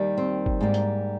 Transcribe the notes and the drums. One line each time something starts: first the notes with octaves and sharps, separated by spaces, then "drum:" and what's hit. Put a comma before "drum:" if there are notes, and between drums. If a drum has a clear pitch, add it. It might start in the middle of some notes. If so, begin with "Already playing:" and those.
Already playing: D#2 D#3 G3 A#3
C4
drum: kick
G#2 G3 A#3
drum: hi-hat